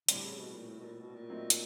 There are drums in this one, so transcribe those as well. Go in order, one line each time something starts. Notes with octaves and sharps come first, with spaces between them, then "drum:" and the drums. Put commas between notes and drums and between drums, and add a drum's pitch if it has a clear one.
A2 D3 E3 G3 C4, drum: hi-hat
C#3
B2
A#2
A2
B2
A#2
B2
A#2
F#3 A3 C4 D#4
drum: hi-hat